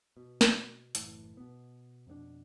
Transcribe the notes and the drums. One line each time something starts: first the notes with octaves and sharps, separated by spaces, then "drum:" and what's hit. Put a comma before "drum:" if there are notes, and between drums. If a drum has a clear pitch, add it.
B2
drum: snare
F#1 A2 E3, drum: hi-hat
B2 B3
F2 B2 B3 D4